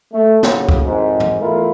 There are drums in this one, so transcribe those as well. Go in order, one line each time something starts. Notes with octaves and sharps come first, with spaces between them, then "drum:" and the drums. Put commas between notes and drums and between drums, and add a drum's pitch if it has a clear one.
A3
D#2 A2 C#3 F#3, drum: snare
drum: kick
G#1 F2 G#2
drum: tom
E2 A3 E4 F4 A#4